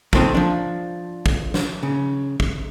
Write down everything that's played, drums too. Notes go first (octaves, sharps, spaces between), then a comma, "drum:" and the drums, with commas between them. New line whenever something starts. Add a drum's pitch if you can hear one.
C#2 F3 A3 C4 D#4 C5, drum: kick
F3 D4
drum: kick
drum: snare
C#3
drum: kick